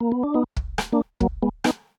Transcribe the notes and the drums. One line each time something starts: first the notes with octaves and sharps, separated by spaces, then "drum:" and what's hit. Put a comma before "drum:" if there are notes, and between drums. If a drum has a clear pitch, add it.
A#3
B3
D4
B3 D#4
drum: kick
drum: rim click
A#3 D4
F#3 A#3, drum: kick
G#3 B3
B3 D#4, drum: rim click